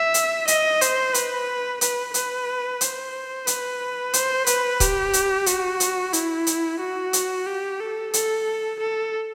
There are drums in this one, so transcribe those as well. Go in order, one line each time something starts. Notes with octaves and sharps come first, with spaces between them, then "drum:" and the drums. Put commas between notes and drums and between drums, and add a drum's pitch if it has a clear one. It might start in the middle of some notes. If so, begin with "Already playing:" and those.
Already playing: E5
drum: hi-hat
D#5, drum: hi-hat
C5, drum: hi-hat
B4, drum: hi-hat
B4, drum: hi-hat
B4, drum: hi-hat
C5, drum: hi-hat
B4, drum: hi-hat
C5, drum: hi-hat
B4, drum: hi-hat
G4, drum: kick C#1, hi-hat
drum: hi-hat
F#4, drum: hi-hat
drum: hi-hat
E4, drum: hi-hat
drum: hi-hat
F#4
drum: hi-hat
G4
A4
A4, drum: hi-hat
A4